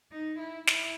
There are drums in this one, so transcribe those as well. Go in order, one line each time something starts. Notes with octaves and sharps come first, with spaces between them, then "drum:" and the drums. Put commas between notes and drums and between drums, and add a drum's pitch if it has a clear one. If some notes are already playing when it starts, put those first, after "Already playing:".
D#4
E4
E4, drum: snare